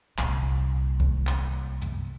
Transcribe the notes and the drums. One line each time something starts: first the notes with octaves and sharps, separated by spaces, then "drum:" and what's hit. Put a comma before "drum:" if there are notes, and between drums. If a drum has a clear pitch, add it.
C2 A#2, drum: clap
drum: kick
drum: clap
drum: tom